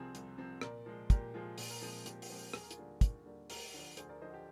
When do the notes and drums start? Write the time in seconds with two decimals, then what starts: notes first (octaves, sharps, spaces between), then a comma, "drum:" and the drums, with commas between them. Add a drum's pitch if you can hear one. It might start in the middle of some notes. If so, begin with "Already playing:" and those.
Already playing: C2 C3 F3 C4 G#4 C5
0.15 C2, drum: hi-hat
0.38 C3 F3 C4
0.61 A#2 A#4 D5, drum: rim click
0.86 F3 G#3
1.10 A#2 G4 A#4, drum: kick, hi-hat
1.34 F3 G#3 F4 G#4
1.58 A#2 G#4, drum: open hi-hat
1.70 A#4
1.81 F3 G#3 C4 F4 G#4
2.06 A#2 G4, drum: hi-hat
2.22 G4, drum: open hi-hat
2.30 F3 G#3 C4
2.53 D#2 G#4, drum: rim click
2.63 A#4
2.71 F4 G#4, drum: hi-hat
2.78 D3 G3 A#3
3.01 D#2, drum: kick, hi-hat
3.26 D3 G3 A#3
3.50 D2 G4 A#4, drum: open hi-hat
3.74 D3 F3
3.97 D2 G#4 C5, drum: hi-hat
4.09 A#4 D5
4.21 D3 F3 C5 D#5
4.34 G4